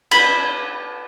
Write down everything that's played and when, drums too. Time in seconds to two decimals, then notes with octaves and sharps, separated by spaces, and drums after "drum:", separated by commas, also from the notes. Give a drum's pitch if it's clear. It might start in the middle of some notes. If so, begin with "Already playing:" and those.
0.11 B5, drum: cymbal